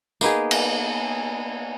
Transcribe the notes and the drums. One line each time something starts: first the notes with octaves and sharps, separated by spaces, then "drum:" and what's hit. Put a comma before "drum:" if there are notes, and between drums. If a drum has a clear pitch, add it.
A#3 B3 D#4 G#4, drum: tambourine
drum: cymbal